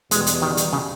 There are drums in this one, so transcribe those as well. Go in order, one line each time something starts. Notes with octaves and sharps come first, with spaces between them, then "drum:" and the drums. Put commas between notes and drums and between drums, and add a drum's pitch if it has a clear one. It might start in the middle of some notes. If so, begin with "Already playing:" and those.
E2 B2 G3 G#3, drum: hi-hat
drum: hi-hat
D#3
drum: hi-hat
C#3